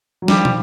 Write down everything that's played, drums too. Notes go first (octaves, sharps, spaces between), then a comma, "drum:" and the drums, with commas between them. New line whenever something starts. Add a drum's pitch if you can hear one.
F#3
D#3 F3 G3, drum: snare
drum: tom